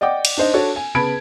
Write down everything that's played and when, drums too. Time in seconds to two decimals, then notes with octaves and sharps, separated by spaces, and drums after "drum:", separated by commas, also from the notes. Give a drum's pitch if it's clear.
0.01 D5 D#5 F#5 G5 D6
0.25 drum: cymbal
0.37 D4 D#4 C5 D#5
0.53 D4 F#4 A4 C#5
0.76 G#5
0.95 C#3 B3 A5 B5 G#6 D7